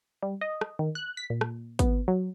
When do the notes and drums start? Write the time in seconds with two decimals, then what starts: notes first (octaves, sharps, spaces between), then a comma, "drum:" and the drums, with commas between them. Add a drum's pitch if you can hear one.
0.23 G3
0.41 D#5
0.61 drum: rim click
0.79 D#3
0.95 F#6
1.17 B6
1.30 A#2
1.41 drum: rim click
1.79 B3, drum: kick, hi-hat
2.08 F#3